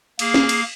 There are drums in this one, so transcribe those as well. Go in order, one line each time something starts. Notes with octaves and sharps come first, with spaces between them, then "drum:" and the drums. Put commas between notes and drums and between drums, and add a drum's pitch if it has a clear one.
A#3 G#4 F5, drum: cymbal
drum: snare
drum: cymbal